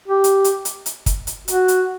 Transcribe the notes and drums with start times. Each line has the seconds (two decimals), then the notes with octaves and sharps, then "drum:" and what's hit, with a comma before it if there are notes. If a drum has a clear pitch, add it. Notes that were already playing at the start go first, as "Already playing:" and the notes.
0.08 G4
0.24 drum: hi-hat
0.44 drum: hi-hat
0.65 drum: hi-hat
0.86 drum: hi-hat
1.06 drum: kick, hi-hat
1.27 drum: hi-hat
1.48 F#4, drum: hi-hat
1.68 drum: hi-hat